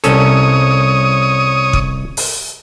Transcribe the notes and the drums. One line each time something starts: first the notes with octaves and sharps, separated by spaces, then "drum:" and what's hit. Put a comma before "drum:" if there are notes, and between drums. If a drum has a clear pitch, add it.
C2 C#4 A4 C#5 D#6, drum: hi-hat
drum: kick
drum: open hi-hat